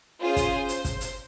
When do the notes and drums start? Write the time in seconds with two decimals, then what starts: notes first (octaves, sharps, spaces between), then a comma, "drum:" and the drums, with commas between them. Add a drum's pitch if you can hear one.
0.20 C#4 F4 G#4 C5
0.36 drum: kick, hi-hat
0.68 drum: hi-hat
0.85 drum: kick, hi-hat
1.01 drum: hi-hat